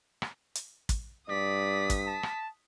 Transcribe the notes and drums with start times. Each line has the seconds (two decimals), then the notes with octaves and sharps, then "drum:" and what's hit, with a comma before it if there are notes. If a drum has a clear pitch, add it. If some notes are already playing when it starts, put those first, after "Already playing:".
0.22 drum: rim click
0.55 drum: hi-hat
0.89 drum: kick, hi-hat
1.29 G2 D5 D#6 B6
1.90 drum: kick, hi-hat
2.06 A5
2.23 drum: rim click